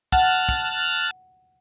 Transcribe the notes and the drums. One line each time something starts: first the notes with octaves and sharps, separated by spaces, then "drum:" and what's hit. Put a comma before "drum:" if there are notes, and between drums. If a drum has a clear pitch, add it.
F#5 A5 F6 F#6, drum: kick
drum: kick